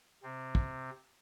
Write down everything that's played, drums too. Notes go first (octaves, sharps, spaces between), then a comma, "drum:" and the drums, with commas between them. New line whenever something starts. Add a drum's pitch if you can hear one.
C3 C4
drum: kick